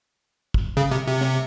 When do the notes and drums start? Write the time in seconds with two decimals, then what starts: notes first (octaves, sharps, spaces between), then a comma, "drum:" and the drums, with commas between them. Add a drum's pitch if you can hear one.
0.54 drum: kick
0.77 C#3
0.91 C3
1.07 C3
1.21 drum: snare